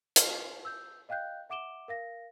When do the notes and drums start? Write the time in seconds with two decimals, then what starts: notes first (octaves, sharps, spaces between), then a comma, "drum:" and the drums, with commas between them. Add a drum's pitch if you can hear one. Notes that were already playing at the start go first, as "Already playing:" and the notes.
0.16 F6, drum: hi-hat
0.65 E6 G6
1.09 D#5 F5 G5 F#6 G6
1.49 E5 F#5 D6 D7 E7 G7
1.88 A#4 F5 A#6